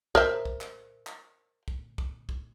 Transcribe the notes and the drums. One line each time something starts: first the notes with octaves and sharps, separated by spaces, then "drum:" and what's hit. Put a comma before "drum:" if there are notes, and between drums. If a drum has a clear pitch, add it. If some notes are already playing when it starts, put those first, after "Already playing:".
A#4 C5 E5, drum: kick
drum: kick
drum: clap
drum: clap
drum: kick
drum: kick
drum: kick